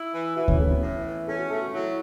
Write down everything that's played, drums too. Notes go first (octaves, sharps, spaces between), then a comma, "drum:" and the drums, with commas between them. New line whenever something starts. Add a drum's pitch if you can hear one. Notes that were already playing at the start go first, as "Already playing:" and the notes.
Already playing: E4
E3
E3 F#4
C#4, drum: kick D2
E3 A3
B3
A2
E3
C#4 A4
F#4
A3 A4
F#4
F#3 E4